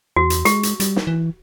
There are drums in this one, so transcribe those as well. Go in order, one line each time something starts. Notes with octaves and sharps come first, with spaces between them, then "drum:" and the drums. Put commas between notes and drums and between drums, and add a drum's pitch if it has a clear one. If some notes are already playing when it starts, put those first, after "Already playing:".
E2 F#4
drum: hi-hat
G#3 G4, drum: hi-hat
drum: hi-hat
G3, drum: hi-hat
drum: snare
E3